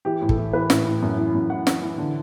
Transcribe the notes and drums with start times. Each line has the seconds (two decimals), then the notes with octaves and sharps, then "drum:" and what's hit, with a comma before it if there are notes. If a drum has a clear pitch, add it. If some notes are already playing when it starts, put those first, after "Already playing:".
0.05 E3 G4
0.22 A2
0.29 A4, drum: kick
0.37 E3
0.53 E3 B4
0.70 A2, drum: snare
0.85 A2
1.02 F#2
1.18 E3
1.34 F#2
1.50 E3 F#5
1.67 E3, drum: snare
1.82 E3
1.98 D3